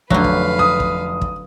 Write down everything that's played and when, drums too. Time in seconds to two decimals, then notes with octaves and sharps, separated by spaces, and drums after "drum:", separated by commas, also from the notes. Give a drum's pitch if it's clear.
0.10 F1 D3 F#3 B4 F5, drum: kick
0.24 drum: kick
0.59 D#6
0.80 drum: kick
1.21 drum: kick